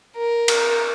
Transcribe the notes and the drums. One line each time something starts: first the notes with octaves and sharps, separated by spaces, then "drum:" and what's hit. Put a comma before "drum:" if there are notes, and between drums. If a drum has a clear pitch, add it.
A#4
drum: cymbal